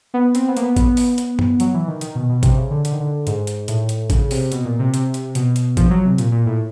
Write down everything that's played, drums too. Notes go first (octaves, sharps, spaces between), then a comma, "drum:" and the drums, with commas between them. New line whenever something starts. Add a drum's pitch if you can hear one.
B3
C4, drum: hi-hat
B3
A#3, drum: hi-hat
B3
B3, drum: kick A1, hi-hat
drum: open hi-hat
drum: hi-hat
drum: tom G2
F#3, drum: hi-hat
E3
D#3
D#3, drum: hi-hat
B2
B2
C3, drum: kick A1, hi-hat
C#3
D3
D3, drum: hi-hat
D#3
D3
G#2, drum: hi-hat
drum: hi-hat
A2, drum: hi-hat
drum: hi-hat
C#3, drum: kick A1, hi-hat
C3, drum: open hi-hat
B2, drum: hi-hat
A#2
C3
C3, drum: hi-hat
drum: hi-hat
B2, drum: hi-hat
drum: hi-hat
F3, drum: kick A1, hi-hat
F#3
C3
A#2, drum: hi-hat
A#2
A2